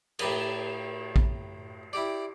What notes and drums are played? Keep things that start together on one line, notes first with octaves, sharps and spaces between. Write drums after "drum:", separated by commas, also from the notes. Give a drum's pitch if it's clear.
A2 G4 A#5 B5 D#6, drum: cymbal
drum: kick A#1
E4 G4 D5